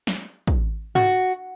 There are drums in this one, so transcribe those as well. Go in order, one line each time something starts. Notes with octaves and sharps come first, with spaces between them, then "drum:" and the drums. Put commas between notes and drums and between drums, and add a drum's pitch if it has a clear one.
drum: snare
drum: kick
F#4, drum: tom